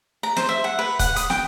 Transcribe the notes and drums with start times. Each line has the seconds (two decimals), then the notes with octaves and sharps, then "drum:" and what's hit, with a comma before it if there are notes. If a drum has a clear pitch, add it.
0.23 A#5
0.36 C5, drum: snare
0.49 E5
0.64 F#5
0.79 B4
0.99 F#5, drum: kick, hi-hat
1.16 D#6, drum: hi-hat
1.30 G5, drum: snare